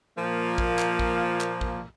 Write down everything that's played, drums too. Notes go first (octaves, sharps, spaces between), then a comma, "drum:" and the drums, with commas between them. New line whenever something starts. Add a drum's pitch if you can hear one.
A#2 F3 A#3
drum: kick
drum: clap
drum: kick
drum: clap
drum: kick